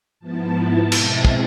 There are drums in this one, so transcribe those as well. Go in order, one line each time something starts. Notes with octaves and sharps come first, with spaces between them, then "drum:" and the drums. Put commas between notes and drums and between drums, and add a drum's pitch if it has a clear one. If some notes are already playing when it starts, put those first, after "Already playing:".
G#2 F3 B3 E4 A5
B2 G#3 C4 E4, drum: cymbal
drum: kick